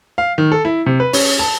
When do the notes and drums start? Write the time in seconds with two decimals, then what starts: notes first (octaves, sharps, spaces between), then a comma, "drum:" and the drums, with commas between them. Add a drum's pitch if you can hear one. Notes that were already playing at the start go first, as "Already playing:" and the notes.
0.18 F5
0.38 D#3
0.52 A4
0.65 E4
0.86 C3
1.00 B4
1.13 C#4, drum: open hi-hat
1.39 A5